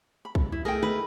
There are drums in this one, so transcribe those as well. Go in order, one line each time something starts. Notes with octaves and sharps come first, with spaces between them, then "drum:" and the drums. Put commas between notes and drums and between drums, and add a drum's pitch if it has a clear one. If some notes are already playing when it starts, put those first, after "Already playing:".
B5
drum: kick B1
E4
A3 G#4 A#4 D#5 G5
B4